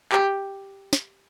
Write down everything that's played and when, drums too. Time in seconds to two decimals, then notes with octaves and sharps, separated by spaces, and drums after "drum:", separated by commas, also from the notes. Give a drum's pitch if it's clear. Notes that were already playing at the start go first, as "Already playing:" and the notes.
0.12 G4, drum: clap
0.93 drum: snare